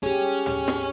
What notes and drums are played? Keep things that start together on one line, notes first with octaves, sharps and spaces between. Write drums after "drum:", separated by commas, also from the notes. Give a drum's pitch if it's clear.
C#4 G4 G#4
drum: tom
drum: snare